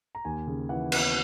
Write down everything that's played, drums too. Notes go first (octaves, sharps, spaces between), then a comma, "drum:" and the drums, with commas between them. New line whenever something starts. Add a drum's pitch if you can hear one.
A#5
D#2 G#5
C#3
E3 F#5
B3, drum: cymbal